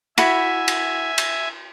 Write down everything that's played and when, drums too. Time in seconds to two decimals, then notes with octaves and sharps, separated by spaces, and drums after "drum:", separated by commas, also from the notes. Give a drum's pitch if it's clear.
0.18 E4 F#4 E5 G#5 B5, drum: cymbal
0.68 drum: cymbal
1.18 drum: cymbal